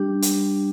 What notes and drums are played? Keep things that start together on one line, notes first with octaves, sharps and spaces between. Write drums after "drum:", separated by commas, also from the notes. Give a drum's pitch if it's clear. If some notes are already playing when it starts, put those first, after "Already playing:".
Already playing: G3 D4 G4
G3, drum: hi-hat